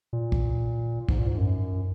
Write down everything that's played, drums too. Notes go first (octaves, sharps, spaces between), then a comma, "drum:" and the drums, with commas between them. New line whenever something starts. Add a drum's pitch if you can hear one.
A#2
drum: kick
G#2, drum: kick
A#2
G#2
F#2